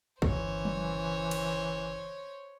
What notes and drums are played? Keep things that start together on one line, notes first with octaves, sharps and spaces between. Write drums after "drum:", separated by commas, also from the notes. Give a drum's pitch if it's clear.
G1 C#3 E3 C5 C#5, drum: kick
drum: tom F#3
drum: cymbal